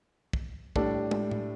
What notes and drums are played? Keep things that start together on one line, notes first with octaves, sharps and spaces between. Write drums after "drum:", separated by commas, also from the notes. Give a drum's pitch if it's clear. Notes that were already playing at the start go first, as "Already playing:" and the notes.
drum: kick
A2 G3 D4 A4, drum: kick
drum: tom
drum: tom A2